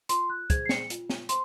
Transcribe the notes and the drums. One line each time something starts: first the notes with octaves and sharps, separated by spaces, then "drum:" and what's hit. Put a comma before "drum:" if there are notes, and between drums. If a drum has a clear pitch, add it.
F4 C6, drum: hi-hat
F#6
G#4 C5 G#6, drum: kick, hi-hat
C7
C#7, drum: snare
F4, drum: hi-hat
drum: snare
C5 C6, drum: hi-hat